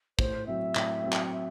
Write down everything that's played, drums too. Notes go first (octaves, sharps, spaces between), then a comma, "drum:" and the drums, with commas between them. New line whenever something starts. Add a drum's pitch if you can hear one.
A2 C5, drum: kick
F#3 C4 E5
A2, drum: clap
F#3 C4
drum: clap
E5